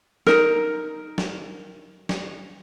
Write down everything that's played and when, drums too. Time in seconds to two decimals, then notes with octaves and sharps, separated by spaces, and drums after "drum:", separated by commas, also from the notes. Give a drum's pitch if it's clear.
0.27 D#4 A#4, drum: snare
1.18 drum: snare
2.09 drum: snare